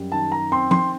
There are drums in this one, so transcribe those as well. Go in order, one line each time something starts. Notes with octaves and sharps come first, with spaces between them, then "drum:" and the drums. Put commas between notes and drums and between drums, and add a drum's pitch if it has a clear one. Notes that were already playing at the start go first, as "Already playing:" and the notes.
Already playing: F#2 G3
D#3 A5
A#5
C4 C6
C6, drum: tom